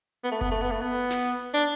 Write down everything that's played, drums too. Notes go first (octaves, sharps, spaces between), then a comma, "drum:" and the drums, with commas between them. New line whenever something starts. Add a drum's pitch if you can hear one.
B3
A3
B3, drum: kick F#1
A3
B3
A3
B3
drum: snare
D4